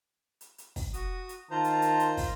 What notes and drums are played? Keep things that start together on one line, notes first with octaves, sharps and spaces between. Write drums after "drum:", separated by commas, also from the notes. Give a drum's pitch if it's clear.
drum: hi-hat
drum: hi-hat
drum: kick, open hi-hat
F#4 D#6, drum: hi-hat
drum: hi-hat
D#3 F4 C5 A5 A#5
drum: hi-hat
drum: hi-hat
drum: hi-hat
drum: kick, open hi-hat